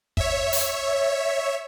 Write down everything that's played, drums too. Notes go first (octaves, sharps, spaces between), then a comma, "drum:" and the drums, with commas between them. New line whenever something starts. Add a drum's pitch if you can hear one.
C#5 E5, drum: kick
drum: open hi-hat